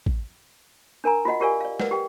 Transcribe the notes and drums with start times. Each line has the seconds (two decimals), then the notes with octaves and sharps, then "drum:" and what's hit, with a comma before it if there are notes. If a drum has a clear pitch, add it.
0.06 drum: kick
1.04 D4 A#4 G#5 A#5
1.25 F4 F#4 D#5 F#5
1.40 F4 G4 A#4 D5 F5 G#5
1.61 D5 F5
1.80 A#4 B4 D5 F#5, drum: snare
1.91 G4 G5